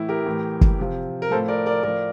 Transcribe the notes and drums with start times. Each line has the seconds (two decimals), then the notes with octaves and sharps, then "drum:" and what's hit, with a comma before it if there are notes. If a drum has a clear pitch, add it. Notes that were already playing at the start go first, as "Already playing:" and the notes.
Already playing: A2 E3 E4
0.09 G4 A#4
0.26 A2 E3
0.61 drum: kick
0.79 C3 F3
1.22 A#4
1.31 A2 F3 A4 C5
1.48 A#4 D5
1.66 A#4 D5
1.83 A2 F3 A#4 D5